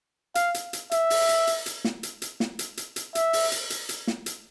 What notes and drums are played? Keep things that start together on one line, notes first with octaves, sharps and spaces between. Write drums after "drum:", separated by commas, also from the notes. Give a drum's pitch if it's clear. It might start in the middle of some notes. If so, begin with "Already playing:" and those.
F5, drum: hi-hat
drum: hi-hat
drum: hi-hat
E5, drum: hi-hat
drum: open hi-hat
drum: hi-hat
drum: hi-hat
drum: hi-hat
drum: snare
drum: hi-hat
drum: hi-hat
drum: snare
drum: hi-hat
drum: hi-hat
drum: hi-hat
E5, drum: hi-hat
drum: open hi-hat
drum: hi-hat
drum: hi-hat
drum: hi-hat
drum: snare
drum: hi-hat